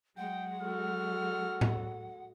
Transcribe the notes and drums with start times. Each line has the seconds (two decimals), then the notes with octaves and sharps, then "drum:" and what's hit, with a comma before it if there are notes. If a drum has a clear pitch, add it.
0.17 F#3 G#3 F#5 G5
0.62 F#4 A4 F6
1.61 drum: tom A2